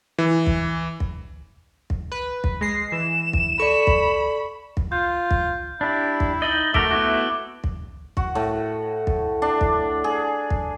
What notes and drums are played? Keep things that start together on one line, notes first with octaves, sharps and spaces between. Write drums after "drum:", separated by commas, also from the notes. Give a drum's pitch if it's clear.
E3
drum: kick
drum: kick
drum: kick
B4
drum: kick
G#3 A#6 C7
E3 E7
drum: kick
A4 D5 B5 C#6
drum: kick
drum: kick
F4 G6
drum: kick
D4 E4 G4
drum: kick
D#4 D#5 A6 F#7 G7
A3 F#4 A#4 E5 D6 D7 G7, drum: kick
B3 E4 F#4 D6 F#6
drum: kick
F#4, drum: kick
A2
drum: kick
D4
drum: kick
G#4
drum: kick